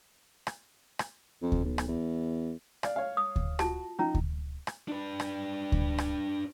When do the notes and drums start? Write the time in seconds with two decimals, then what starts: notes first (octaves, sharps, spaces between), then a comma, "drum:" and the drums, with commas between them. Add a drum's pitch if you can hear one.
0.47 drum: rim click
0.99 drum: rim click
1.42 F2
1.52 drum: kick D2
1.65 B1
1.78 drum: rim click
1.88 E2
2.83 D5 F5, drum: rim click
2.96 C#5 F5
3.17 D#6
3.36 drum: kick D2
3.59 F4 F#4 A5, drum: rim click
3.99 F3 C#4 D#4 A#5
4.15 drum: kick D2
4.67 drum: rim click
4.88 D4 B4
5.20 drum: rim click
5.72 drum: kick D2
5.98 drum: rim click